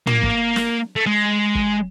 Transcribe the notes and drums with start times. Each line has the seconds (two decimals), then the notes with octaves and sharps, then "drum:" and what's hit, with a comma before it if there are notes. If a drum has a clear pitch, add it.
0.07 A#3, drum: tom
0.23 drum: kick
0.56 drum: snare
0.96 A3
1.06 G#3
1.55 drum: kick